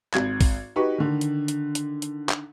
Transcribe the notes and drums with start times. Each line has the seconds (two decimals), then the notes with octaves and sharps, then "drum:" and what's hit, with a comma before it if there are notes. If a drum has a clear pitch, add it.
0.14 G#1 G#6, drum: clap
0.41 drum: kick A#1, open hi-hat
0.76 D#4 F#4 G4 B4 C#6
0.98 D3 D#3
1.21 drum: hi-hat
1.48 drum: hi-hat
1.75 drum: hi-hat
2.02 drum: hi-hat
2.29 drum: clap